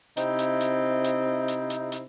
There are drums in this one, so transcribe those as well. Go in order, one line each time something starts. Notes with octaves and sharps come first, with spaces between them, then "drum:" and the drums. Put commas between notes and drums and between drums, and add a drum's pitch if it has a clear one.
C3 C4 D#4 E4, drum: hi-hat
drum: hi-hat
drum: hi-hat
drum: hi-hat
drum: hi-hat
drum: hi-hat
drum: hi-hat